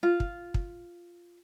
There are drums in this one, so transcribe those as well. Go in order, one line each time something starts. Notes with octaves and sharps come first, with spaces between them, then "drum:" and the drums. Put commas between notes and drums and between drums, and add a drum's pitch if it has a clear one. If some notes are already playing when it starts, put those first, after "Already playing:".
F4
drum: kick
drum: kick